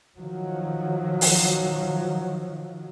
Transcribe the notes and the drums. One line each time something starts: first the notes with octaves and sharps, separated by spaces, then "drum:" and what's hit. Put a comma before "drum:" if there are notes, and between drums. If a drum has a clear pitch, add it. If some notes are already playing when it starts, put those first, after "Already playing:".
D#3 F3 F#3
drum: open hi-hat